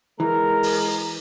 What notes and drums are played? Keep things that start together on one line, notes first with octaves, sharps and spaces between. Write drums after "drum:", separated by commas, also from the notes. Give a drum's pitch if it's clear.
E3 G#3 A#4 A#5
drum: open hi-hat